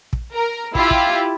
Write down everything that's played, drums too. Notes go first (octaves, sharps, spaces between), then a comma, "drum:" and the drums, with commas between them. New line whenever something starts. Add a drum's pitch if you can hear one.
drum: kick
A#4
E4 F4 G4, drum: kick
drum: kick